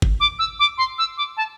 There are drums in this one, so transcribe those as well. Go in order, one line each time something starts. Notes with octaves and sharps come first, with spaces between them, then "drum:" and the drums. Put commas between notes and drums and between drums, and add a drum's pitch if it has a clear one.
drum: kick
D6
E6
D6
C6
E6
D6
A5